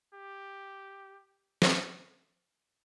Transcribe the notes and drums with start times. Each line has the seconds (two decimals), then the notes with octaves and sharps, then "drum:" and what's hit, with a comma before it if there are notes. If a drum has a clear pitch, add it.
0.14 G4
1.62 drum: snare